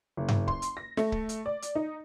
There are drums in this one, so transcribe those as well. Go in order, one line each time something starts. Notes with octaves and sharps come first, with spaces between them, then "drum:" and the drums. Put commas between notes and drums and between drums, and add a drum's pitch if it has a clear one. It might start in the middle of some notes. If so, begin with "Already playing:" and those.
F#1
drum: tom G2
C6, drum: kick C#1
drum: hi-hat
A#6
A3, drum: snare
drum: kick C#1
drum: hi-hat
D5
drum: hi-hat
D#4